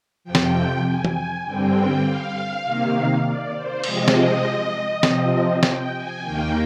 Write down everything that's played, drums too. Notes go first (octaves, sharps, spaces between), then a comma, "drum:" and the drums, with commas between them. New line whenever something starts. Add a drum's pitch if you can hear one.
F2 C3 F3 G5
drum: snare
G#5
drum: tom E3
G2 D3 G3 C4 G5
F5
C3 D#3 A#3
D5
C5
C3 F3 G#3 C4 D#5, drum: cymbal
drum: snare
C3 F3 C4, drum: snare
G5, drum: snare
G#5
D#2 D#3 A#3 G5